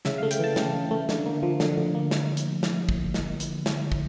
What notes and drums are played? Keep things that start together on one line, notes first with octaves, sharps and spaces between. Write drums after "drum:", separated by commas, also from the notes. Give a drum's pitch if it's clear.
C#3 E5, drum: snare
F5
A3
G5, drum: hi-hat
E3 A5
C#3, drum: snare
C#3
A3
D3, drum: snare
A#3
F3
D3, drum: snare
D3
A#3
drum: snare
drum: hi-hat
drum: snare
drum: kick
drum: snare
drum: hi-hat
drum: snare
drum: kick